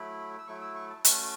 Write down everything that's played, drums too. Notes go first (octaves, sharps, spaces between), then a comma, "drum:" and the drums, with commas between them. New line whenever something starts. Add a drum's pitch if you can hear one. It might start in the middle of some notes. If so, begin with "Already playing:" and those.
Already playing: F#3 A3 E4 B5
E6
F#3 A3 E4 C#6
E6
C#6
A5
A3 C#4 F#4 A5, drum: hi-hat